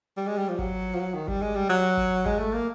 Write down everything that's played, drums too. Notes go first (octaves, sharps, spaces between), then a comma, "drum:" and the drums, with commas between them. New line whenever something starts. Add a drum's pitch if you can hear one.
G3
G#3
G3
F3
F#3, drum: kick G#1
F3
F#3
D#3
G3, drum: kick G#1
G#3
G3
F#3
drum: kick G#1
G#3, drum: kick G#1
A3
A#3